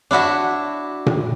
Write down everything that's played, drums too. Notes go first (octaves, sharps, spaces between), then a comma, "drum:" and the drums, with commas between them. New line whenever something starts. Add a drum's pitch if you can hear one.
D4 E4 F#4 E5
drum: tom A#2